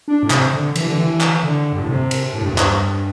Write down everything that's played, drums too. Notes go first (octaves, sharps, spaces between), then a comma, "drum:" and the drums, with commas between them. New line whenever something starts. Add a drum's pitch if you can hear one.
D4
A2
C3, drum: clap
D3
E3, drum: cymbal
D3
E3
drum: clap
D3
G2
A2
C3
drum: cymbal
A2
G2
E2
G2, drum: clap